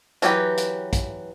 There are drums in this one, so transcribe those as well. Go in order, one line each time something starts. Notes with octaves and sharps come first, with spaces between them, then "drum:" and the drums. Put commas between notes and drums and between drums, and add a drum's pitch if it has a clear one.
E3 F#3 G4 B4, drum: hi-hat
drum: hi-hat
drum: kick, hi-hat